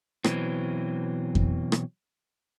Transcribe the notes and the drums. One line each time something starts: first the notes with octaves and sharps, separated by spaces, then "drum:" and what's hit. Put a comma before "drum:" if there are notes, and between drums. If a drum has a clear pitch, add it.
B2 E3 F#3 C4, drum: rim click
drum: kick F2
drum: rim click